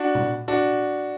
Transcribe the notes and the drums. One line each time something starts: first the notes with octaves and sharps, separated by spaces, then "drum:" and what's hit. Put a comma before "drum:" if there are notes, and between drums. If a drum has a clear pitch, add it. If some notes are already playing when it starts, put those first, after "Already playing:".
Already playing: D4 F#4
drum: tom A#2
D4 F#4, drum: hi-hat